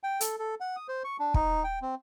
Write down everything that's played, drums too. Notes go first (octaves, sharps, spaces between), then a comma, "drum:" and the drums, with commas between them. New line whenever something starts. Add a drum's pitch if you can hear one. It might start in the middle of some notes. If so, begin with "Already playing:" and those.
G5
A4, drum: hi-hat
A4
F#5
D#6
C5
C#6
D4
D#4, drum: kick
G5
C4